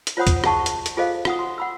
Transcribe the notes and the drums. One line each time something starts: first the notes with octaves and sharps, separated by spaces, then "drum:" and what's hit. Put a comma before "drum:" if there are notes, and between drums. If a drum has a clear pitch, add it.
drum: hi-hat
F4 C5 C#5 F#5 B5 D#6
drum: kick, hi-hat
G#4 D#5 F#5 A5 C#6, drum: rim click
drum: hi-hat
drum: hi-hat
F4 G#4 A4 C5 D#5 F5
F4 F#5 D#6, drum: rim click
C6
F#5 B5 E6